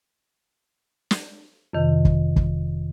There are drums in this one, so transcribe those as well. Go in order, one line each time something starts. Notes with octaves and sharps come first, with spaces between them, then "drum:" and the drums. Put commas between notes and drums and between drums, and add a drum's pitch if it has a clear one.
drum: snare
F2 C3 D#3
drum: kick
drum: kick